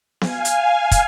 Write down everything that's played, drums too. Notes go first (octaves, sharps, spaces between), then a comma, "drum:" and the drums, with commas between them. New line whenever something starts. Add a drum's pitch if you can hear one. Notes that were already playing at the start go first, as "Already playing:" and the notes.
F5 G#5, drum: snare B3
drum: hi-hat
drum: kick, hi-hat